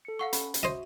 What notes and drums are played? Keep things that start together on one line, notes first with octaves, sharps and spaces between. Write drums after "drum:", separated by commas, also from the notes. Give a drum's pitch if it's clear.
A4 C#7
F5 F#5 C#6
C#4 B5, drum: hi-hat
drum: hi-hat
F#4 C5 D#5 E5